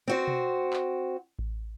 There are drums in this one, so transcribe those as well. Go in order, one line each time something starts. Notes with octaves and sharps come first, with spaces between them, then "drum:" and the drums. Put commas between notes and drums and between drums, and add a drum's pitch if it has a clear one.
C4 F#4 C5
drum: tom B2
drum: clap
drum: kick A1